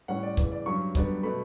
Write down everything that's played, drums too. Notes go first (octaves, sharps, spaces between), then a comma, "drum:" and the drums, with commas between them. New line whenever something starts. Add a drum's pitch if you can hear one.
A2 G3 C#4 F#5
D5
E2 C#3 E3, drum: kick
D5
G2 F#3 C#4 C#6
F#2 D3 G3 B3, drum: kick
B2 A3 B5